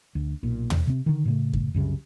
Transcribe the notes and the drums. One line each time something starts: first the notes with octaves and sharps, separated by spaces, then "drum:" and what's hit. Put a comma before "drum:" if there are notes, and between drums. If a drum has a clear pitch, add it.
D2
B1 A#2
drum: tom
C3 C4
D3 D#3
A2 C#3 A3
drum: kick F#2
C2 F#2 C#3